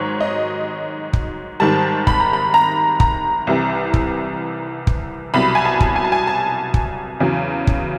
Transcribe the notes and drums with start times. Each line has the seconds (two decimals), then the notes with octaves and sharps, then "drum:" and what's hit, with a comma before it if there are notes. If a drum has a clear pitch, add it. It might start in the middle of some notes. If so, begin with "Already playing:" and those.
Already playing: G#2 D#3 F#3 C#5
0.21 D#5
1.13 drum: kick
1.60 G#2 D#3 G3 A5
2.07 B5, drum: kick
2.20 A#5
2.33 B5
2.54 A#5
3.00 A#5, drum: kick
3.47 C2 C3 E3 G3
3.94 drum: kick
4.87 drum: kick
5.34 C2 B2 F#3 B5
5.55 G#5
5.65 A5
5.80 drum: kick
5.96 G#5
6.05 A5
6.12 G#5
6.27 A5
6.74 drum: kick
7.20 E2 C#3 F#3
7.67 drum: kick